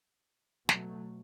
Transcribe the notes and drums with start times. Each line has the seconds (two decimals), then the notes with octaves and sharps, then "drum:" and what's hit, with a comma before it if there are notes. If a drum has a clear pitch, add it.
0.69 B2 F#3 A3, drum: snare